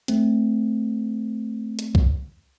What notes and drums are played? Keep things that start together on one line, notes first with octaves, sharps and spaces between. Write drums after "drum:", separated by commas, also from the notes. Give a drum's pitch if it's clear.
A3 C4, drum: hi-hat
drum: hi-hat
drum: kick B1